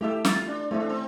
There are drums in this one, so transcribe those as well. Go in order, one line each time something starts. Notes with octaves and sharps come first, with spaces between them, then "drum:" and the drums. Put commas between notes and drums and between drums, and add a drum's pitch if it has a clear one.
A3 E4 G4 A4 E5
F4, drum: snare
D4
A3 C4 E4 A4 E5
D4
C4